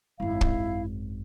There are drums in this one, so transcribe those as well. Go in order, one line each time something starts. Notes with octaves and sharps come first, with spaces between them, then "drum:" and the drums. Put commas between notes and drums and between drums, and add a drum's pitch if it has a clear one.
G#1 F#2 E4 F5
drum: kick